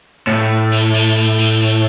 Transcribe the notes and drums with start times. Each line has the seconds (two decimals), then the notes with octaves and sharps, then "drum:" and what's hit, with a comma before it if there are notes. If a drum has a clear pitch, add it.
0.27 A2
0.72 drum: cymbal
0.94 drum: cymbal
1.16 drum: cymbal
1.39 drum: cymbal
1.61 drum: cymbal